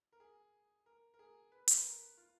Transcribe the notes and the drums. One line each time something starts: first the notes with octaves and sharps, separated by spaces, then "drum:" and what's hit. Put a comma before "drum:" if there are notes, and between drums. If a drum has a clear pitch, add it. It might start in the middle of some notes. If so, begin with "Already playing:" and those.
A#4
G#4
A#4
A#4
G#4
B4
B4, drum: hi-hat
A#4
F4